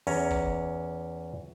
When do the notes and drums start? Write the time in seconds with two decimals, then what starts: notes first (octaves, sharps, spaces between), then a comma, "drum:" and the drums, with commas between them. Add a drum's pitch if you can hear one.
0.07 E2 C#4 A#5, drum: open hi-hat
0.31 drum: kick